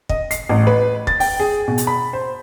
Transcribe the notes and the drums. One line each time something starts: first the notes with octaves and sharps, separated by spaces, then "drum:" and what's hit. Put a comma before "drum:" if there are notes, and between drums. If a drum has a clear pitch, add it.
D#5, drum: kick
C7, drum: hi-hat
A1
B4
A6, drum: kick
G5, drum: open hi-hat
G#4
B2
drum: hi-hat
B5
C5